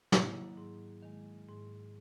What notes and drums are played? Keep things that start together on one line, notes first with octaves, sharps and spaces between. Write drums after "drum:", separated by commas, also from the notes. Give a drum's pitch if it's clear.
D#3 F#3 A#3 E4, drum: snare
G#2
D#3 G#3
G#2